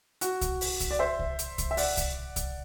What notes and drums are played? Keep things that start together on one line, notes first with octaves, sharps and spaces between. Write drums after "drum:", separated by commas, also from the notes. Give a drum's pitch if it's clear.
F#4, drum: hi-hat
drum: kick C2, hi-hat
drum: open hi-hat
drum: kick C2, hi-hat
D5
C5 E5
drum: kick C2
drum: hi-hat
drum: kick C2, hi-hat
E5
D5 F#5, drum: open hi-hat
drum: kick C2, hi-hat
drum: kick C2, hi-hat